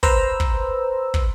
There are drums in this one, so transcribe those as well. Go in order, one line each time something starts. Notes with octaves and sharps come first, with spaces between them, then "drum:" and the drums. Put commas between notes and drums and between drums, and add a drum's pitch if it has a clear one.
B4 C5 A#5 E6, drum: kick
drum: kick
drum: kick